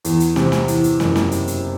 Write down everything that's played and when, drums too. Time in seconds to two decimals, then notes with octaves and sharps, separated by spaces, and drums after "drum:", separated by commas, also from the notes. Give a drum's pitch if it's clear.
0.05 E2, drum: hi-hat
0.20 drum: hi-hat
0.36 C3, drum: snare
0.52 drum: snare
0.68 E3, drum: hi-hat
0.84 drum: hi-hat
1.00 F#1, drum: snare
1.16 drum: snare
1.32 drum: hi-hat
1.47 drum: hi-hat